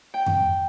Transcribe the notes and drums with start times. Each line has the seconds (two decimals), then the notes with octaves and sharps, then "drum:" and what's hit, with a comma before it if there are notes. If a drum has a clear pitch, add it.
0.14 G5
0.26 drum: tom F2